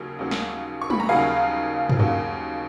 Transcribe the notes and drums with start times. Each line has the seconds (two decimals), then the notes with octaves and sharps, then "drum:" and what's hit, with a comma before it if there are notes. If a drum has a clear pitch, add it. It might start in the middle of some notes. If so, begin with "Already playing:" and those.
Already playing: D#2 C#3 F#3 A#3
0.19 D#2 C#3 F#3 A#3
0.31 drum: snare
0.82 C#6
0.90 B5, drum: tom
1.00 A#5
1.08 D#2 C#3 F#3 A#3 F5 G#5
1.89 drum: tom
1.99 D#2 C#3 F#3 A#3